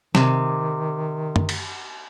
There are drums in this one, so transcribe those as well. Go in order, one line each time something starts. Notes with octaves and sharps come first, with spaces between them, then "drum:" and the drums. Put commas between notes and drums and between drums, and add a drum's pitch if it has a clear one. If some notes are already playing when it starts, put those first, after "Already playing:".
C3 D#3, drum: snare
drum: tom F#2
drum: cymbal